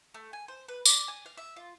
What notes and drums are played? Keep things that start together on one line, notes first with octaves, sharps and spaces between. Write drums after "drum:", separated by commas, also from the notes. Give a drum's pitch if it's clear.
A3
G#5
C5
B4
D5, drum: tambourine
G#5
F5
E5
F4